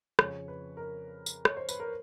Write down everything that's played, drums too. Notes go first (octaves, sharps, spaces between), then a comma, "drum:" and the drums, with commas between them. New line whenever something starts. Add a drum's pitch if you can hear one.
F2 C#3 F3 C#5, drum: rim click
B4
A#4
drum: tambourine
C#5, drum: rim click
C5
B4, drum: tambourine
A#4